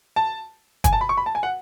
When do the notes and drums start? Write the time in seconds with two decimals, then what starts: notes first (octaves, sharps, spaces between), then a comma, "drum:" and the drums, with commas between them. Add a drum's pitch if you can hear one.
0.16 A5
0.84 G#5, drum: kick, hi-hat
0.93 A5
1.01 B5
1.09 C#6
1.17 B5
1.26 A5
1.35 G#5
1.43 F#5